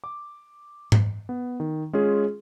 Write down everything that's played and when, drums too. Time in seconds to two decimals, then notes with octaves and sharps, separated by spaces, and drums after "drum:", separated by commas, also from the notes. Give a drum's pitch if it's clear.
0.04 D6
0.92 drum: tom G#2
1.29 B3
1.60 D#3
1.93 G#3 C#4 F4 G#4